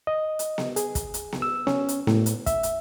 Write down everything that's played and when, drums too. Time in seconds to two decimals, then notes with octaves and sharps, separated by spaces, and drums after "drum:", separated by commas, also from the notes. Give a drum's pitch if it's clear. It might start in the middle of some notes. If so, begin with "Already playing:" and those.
0.07 D#5
0.39 drum: hi-hat
0.58 drum: snare B3
0.76 G#4, drum: hi-hat
0.95 drum: kick, hi-hat
1.14 drum: hi-hat
1.32 drum: snare B3
1.42 E6
1.67 C#4, drum: snare B3
1.89 drum: hi-hat
2.07 A2, drum: snare B3
2.26 drum: hi-hat
2.46 E5, drum: kick, hi-hat
2.63 drum: hi-hat